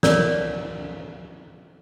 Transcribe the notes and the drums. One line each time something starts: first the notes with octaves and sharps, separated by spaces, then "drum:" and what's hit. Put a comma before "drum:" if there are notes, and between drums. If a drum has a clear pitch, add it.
A#4 C#5 D5, drum: snare